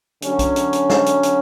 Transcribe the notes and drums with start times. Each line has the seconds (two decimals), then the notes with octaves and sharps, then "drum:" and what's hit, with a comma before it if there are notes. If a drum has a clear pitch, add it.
0.22 D3 F#3 C#4, drum: hi-hat
0.39 drum: kick B1, hi-hat
0.56 drum: hi-hat
0.73 drum: hi-hat
0.90 drum: snare
1.06 drum: hi-hat
1.23 drum: hi-hat